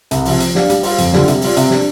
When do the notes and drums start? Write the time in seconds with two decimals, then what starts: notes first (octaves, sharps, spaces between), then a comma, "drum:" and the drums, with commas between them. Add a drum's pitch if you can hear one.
0.11 C2, drum: hi-hat
0.25 C3 F3, drum: open hi-hat
0.40 F3, drum: hi-hat
0.55 D4 G4 D5 F5, drum: snare
0.70 G3, drum: hi-hat
0.83 F4 C5 F5, drum: open hi-hat
0.98 F2, drum: hi-hat
1.13 D3 G3 F4 D5, drum: snare
1.28 C3, drum: hi-hat
1.41 G3 F4 D5, drum: open hi-hat
1.57 C3, drum: hi-hat
1.70 G3 D4, drum: snare